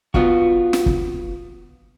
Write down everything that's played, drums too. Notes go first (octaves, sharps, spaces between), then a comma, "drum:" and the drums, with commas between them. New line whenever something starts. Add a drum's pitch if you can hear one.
B3 F4 F#4, drum: kick
drum: snare
drum: kick